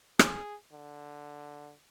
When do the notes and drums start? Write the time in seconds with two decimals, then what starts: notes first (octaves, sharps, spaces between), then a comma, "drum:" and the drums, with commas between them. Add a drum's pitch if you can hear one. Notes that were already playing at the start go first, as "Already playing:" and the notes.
0.19 G#4, drum: rim click
0.72 D3